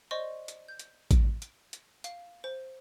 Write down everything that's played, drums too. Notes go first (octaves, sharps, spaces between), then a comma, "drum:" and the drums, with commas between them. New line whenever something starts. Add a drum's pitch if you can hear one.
C5 D5 D#5 C6 C#6
drum: hi-hat
G6
drum: hi-hat
drum: kick A1, hi-hat
drum: hi-hat
drum: hi-hat
F5, drum: hi-hat
C5